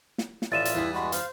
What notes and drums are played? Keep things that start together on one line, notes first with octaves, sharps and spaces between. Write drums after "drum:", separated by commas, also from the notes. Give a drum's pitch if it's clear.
drum: snare
drum: snare
A1 F4 D5 E5 A6 D#7 E7
drum: hi-hat
E2 G2 B3 E4
G#3 F#4 B5
C5 F5, drum: hi-hat